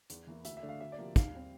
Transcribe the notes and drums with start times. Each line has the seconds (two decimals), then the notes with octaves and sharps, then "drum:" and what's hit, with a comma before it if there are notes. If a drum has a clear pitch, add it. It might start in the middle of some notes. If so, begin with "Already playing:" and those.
0.10 E2, drum: hi-hat
0.27 E3 A#3 E4
0.45 D2 E5, drum: hi-hat
0.57 E5
0.63 D3 A3 D4
0.69 F5
0.81 D2 E5
0.92 D5
0.98 C3 F3 A#3
1.16 C2 F5, drum: kick, hi-hat
1.34 C3 G3 C4